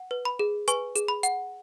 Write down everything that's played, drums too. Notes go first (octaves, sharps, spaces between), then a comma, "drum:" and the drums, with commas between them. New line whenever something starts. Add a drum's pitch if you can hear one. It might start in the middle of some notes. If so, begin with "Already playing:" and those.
Already playing: F#5
B4
B5
G#4
B4 G#5 C#6, drum: hi-hat
G#4, drum: hi-hat
B5
F#5, drum: hi-hat